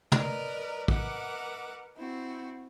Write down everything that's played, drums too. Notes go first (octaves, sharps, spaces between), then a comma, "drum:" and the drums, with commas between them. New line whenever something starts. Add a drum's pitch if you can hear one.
A#4 B4 D5 D#5 A#5, drum: tom
A#4 B4 D#5 E5 F#5 D6, drum: kick
C4 E4 F#4